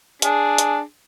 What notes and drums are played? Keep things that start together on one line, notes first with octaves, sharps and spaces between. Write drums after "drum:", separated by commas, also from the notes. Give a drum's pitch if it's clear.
D4 G#4, drum: hi-hat
drum: hi-hat